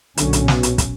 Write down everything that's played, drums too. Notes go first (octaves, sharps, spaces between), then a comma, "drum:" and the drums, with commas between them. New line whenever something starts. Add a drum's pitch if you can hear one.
B1 A#2 D3 F#3 C#4, drum: hi-hat
drum: hi-hat
B2, drum: snare
drum: hi-hat
drum: kick, hi-hat